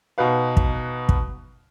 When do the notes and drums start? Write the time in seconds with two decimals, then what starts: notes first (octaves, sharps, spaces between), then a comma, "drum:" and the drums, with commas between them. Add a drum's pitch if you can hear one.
0.18 B2 D#4 F#4 B4 F5
0.57 drum: kick
1.09 drum: kick